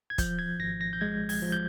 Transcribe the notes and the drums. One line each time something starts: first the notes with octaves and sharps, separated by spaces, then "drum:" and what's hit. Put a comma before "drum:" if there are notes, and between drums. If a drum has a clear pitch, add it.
G#6
F3 G6, drum: kick, hi-hat
G#6
G#1 A#6
A#6
G6
G#3 G#6
G#6, drum: open hi-hat
F3
G6